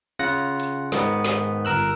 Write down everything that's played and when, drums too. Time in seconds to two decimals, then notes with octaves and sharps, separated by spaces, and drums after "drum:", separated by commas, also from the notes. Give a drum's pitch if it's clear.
0.19 C#3 F4 F#5 A#6
0.60 drum: hi-hat
0.92 G#2 D#3 B3, drum: snare
1.24 drum: snare
1.65 G1 A#4 E6 F#6